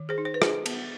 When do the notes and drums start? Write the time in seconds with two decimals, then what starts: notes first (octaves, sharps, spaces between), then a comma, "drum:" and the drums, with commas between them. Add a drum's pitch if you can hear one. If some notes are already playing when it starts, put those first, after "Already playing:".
Already playing: D#3
0.09 G#4 C5
0.18 D#4
0.25 C5
0.34 B4
0.42 D#4 G#4 C5, drum: rim click
0.66 B3, drum: cymbal